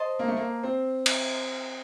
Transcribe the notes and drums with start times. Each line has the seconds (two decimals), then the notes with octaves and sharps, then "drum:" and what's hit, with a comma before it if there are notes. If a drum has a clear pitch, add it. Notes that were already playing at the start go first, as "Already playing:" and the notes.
Already playing: C5 D#5 A5
0.19 A#3
0.28 A3
0.37 A#3
0.63 C4
1.06 drum: cymbal